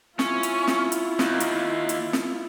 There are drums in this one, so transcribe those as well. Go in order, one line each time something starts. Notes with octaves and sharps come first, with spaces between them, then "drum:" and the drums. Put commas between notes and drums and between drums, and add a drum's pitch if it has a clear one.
C#4 E4 F4, drum: snare
drum: hi-hat
drum: snare
drum: hi-hat
D#2, drum: snare
drum: hi-hat
drum: hi-hat
drum: snare